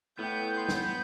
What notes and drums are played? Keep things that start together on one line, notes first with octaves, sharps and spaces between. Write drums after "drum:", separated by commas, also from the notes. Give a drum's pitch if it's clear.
A2 B3 G5 G6 D#7
C6
drum: snare